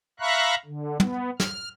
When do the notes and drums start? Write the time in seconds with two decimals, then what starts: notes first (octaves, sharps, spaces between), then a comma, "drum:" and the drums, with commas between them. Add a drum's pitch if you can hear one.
0.20 E5 F5 A#5 B5 C#6 F#6
0.66 D3
1.00 B3, drum: tom
1.40 F6, drum: snare